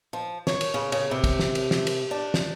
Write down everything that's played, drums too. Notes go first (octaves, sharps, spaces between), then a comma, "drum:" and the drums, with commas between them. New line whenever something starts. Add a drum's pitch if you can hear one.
F3
C#5, drum: snare
drum: cymbal
C#3
C#3, drum: cymbal
C3
drum: kick, cymbal
drum: snare
drum: cymbal
drum: snare
drum: cymbal
D4
drum: snare